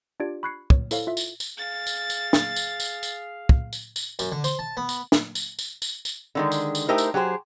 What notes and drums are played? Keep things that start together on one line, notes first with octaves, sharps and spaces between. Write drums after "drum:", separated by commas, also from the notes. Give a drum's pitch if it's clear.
D4 F4 G4 D5 G#6 D7
B5 C#6 F#6 G#6 C7 C#7
C#5, drum: kick
E4 A4 C5 C#5 F5, drum: tambourine
F4 E5
drum: tambourine
drum: tambourine
G#4 F5 A6
drum: tambourine
drum: tambourine
drum: snare
drum: tambourine
drum: tambourine
drum: tambourine
drum: kick
drum: tambourine
drum: tambourine
F#2, drum: tambourine
D3
C5, drum: tambourine
A5
B3
drum: tambourine
drum: snare
drum: tambourine
drum: tambourine
drum: tambourine
drum: tambourine
D3 D#3 G#3
drum: tambourine
drum: tambourine
A3 D#4 E4 G4 A#4 C5
drum: tambourine
F#3 G4 G#4 C5